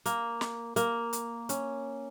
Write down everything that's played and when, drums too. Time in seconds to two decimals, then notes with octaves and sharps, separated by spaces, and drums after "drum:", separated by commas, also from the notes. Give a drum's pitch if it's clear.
0.06 A#3, drum: hi-hat
0.41 drum: snare
0.76 A#3, drum: hi-hat
1.13 drum: hi-hat
1.49 C#4, drum: hi-hat